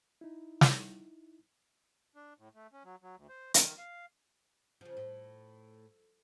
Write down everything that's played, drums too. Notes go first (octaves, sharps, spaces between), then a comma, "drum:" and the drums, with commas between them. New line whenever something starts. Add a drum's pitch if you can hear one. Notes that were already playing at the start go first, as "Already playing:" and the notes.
D#4 E4
drum: snare
D4
A2
A3
C#4
F#3
F#3
D2
C5
D#3, drum: hi-hat
F5
C#3 F3
A2